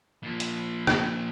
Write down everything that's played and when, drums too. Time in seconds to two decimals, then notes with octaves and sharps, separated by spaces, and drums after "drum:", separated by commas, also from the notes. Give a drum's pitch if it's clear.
0.24 A#2 F3
0.40 drum: hi-hat
0.87 drum: rim click